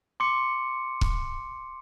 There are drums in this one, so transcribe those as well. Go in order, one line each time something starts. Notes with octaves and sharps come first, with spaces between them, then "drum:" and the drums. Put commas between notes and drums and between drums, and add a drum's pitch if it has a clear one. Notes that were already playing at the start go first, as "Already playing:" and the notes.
C6 D6 C#7
drum: kick